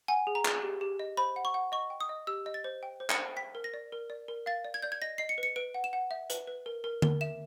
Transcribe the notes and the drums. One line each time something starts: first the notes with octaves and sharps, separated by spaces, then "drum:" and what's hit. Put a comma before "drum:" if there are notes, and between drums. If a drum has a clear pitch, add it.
F#5 G#5
G#4
A#5
G#4, drum: clap
G4
G4
D#5
C5 B5
F#5
C#6
F#5
D#5 C#6
G5
D#6
D#5
G4 E6
D#5
A6
C5
G5
C5
C#7, drum: clap
C5
G5 B6
A#4
A#6
D5
A#4
D5
A#4
F5 A6
D5
G#6
D5 G6
G#6
D#5 A#6
D#5 C7
C#7
B4
C#7
B4 D7
F#5
E7
F#5
E5
B4, drum: hi-hat
B4
A#4
A#4
A#4, drum: tom D3
E5 E7